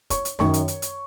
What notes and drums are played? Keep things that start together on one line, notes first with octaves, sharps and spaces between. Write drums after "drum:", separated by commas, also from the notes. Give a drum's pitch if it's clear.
C#5 C#6, drum: kick, hi-hat
drum: hi-hat
F#2 D#3 C#5 C#6, drum: snare
drum: hi-hat
drum: hi-hat
drum: hi-hat